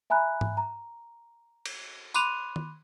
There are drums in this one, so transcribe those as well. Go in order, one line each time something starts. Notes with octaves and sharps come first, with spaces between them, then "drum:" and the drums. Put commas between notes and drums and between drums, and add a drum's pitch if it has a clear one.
E5 G#5 A#5 B5 F#6
drum: tom G#2
A#5
drum: cymbal
B5 C6 D6 F#6 D#7 F7, drum: tambourine
drum: tom D#3